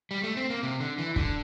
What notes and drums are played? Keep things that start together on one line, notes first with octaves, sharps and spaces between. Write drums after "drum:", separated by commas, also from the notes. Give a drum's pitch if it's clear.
G3
A3
C4
A#3
C3
D3
E3
D3, drum: kick